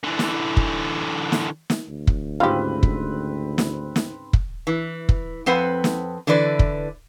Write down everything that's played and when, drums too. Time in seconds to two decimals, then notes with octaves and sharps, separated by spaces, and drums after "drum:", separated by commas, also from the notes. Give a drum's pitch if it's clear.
0.03 D3 E3
0.19 drum: snare
0.57 drum: kick
1.32 drum: snare
1.70 drum: snare
1.88 D2
2.07 drum: kick
2.40 G#2 C#3 C4 F4 G4 B4
2.83 drum: kick
3.58 drum: snare
3.96 drum: snare
4.33 drum: kick
4.67 E3
5.09 drum: kick
5.46 F2 C4 B4 F#5
5.84 drum: snare
6.27 D3 E3 B4 D5
6.59 drum: kick